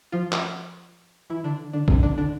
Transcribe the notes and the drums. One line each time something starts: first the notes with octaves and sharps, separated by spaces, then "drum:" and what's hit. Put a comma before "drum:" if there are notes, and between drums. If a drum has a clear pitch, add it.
F3 F4
drum: clap
E3 E4
D3 D4
D3 D4
C3 C4, drum: kick
D3 D4
D3 D4